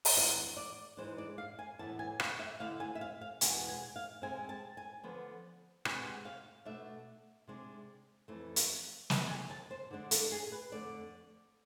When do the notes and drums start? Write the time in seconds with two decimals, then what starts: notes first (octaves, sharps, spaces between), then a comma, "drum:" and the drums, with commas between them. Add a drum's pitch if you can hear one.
0.05 drum: open hi-hat
0.16 F2 E3 B3 D4 F4
0.57 D5
0.97 G#2 E3 G#3 D4 C5
1.18 D5
1.38 F5
1.59 G#5
1.79 A2 E3 B3 E4 A5
1.99 G#5
2.20 F5, drum: rim click
2.39 E5
2.60 D3 A3 E4 F5
2.80 G#5
2.95 E5
3.01 F5
3.21 F5
3.41 E2 B2 G#3 B3 G#5, drum: hi-hat
3.68 G#5
3.96 F5
4.22 C3 G#3 C4 G#5
4.49 A5
4.77 G#5
5.03 D3 F3 B3
5.85 D2 C3 G#3 B3 G#5, drum: rim click
6.25 F5
6.65 B2 A3 D4 E5
7.47 C3 G#3 D4
8.28 F2 E3 A3
8.56 drum: hi-hat
9.10 C3 F3 G#3 D4 E5, drum: snare
9.30 G#5
9.50 A5
9.71 C5
9.91 D3 G#3 D4
10.11 A4, drum: hi-hat
10.32 G#4
10.52 B4
10.72 F2 D3 A3 D5